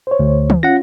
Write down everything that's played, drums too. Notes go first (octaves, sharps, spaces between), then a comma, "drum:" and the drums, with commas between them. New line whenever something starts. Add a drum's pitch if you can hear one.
C5 C#5
D2
drum: tom
C#4 F4 F#5 A#6